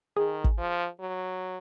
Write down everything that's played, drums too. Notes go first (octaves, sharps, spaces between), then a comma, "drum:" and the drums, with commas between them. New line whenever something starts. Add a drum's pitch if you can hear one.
D#3 G#4
drum: kick
F3
F#3